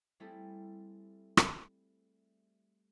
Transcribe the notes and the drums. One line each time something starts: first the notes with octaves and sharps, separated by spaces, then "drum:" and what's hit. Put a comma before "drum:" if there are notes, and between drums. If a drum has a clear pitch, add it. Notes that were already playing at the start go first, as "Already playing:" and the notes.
G3 A3 C4 E4 G#4 A4
drum: rim click